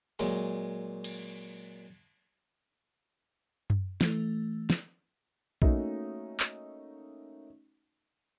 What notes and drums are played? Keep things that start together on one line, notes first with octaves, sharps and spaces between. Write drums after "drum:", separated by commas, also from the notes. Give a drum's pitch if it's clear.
A#2 F#3 G#3, drum: open hi-hat
drum: cymbal
drum: tom F#2
E3 A3, drum: snare
drum: snare
A3 A#3 C#4 D#4 F#4, drum: kick
drum: clap